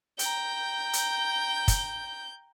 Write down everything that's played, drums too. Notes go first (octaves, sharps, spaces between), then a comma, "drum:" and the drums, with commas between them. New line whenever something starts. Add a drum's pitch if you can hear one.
G5 A#5 G6, drum: hi-hat
drum: hi-hat
drum: kick, hi-hat